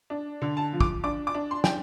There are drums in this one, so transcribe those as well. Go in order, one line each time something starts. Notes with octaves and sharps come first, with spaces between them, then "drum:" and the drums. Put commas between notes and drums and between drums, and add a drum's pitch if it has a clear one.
D4
D3
A5
F3
D6, drum: kick
D4 D6
D6
D4
C6
D4 G5, drum: snare